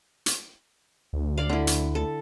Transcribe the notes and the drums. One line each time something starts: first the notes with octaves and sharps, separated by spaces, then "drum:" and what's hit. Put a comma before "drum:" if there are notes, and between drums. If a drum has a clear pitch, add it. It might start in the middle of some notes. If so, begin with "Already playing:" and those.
drum: hi-hat
D2
D5 F5
D3 E4
drum: hi-hat
A4